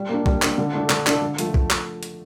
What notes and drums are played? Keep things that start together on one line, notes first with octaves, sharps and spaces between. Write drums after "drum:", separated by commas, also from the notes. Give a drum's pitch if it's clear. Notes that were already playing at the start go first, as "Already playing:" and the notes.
Already playing: G3
A#3 D4
G3, drum: kick
A#3 D4, drum: clap
D3
A3 D4 A4
D3, drum: clap
A3 D4 A4, drum: clap
D3
F3 A3, drum: hi-hat
drum: kick
drum: clap
drum: hi-hat